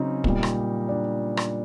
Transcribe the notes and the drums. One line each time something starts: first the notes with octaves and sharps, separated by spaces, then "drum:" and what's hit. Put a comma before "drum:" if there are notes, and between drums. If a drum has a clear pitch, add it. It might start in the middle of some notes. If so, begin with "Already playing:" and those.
Already playing: C#3 F#3 C4 C#4 D#4
A#2 G3, drum: kick
drum: rim click
D4
drum: rim click